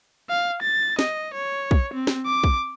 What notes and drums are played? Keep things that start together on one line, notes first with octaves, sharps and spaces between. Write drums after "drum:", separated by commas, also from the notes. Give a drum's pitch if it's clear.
F5
A6
D#5, drum: snare
C#5
drum: kick
C4
drum: snare
D6
drum: kick